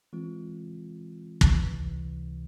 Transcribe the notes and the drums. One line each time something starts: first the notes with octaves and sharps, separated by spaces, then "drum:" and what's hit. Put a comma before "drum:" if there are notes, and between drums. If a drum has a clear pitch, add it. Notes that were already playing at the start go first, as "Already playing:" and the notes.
E3 G#3 C4 F4
C#2 C3 E3, drum: kick